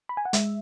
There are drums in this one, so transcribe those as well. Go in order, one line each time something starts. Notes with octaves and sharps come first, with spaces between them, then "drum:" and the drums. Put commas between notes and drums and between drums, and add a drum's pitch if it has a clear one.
B5
G#5
F#5
G#3 E5, drum: hi-hat